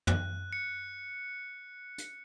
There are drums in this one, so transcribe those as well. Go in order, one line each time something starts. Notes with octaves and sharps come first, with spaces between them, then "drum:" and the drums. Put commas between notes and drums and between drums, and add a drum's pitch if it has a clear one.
F#6, drum: tom
C#7
drum: hi-hat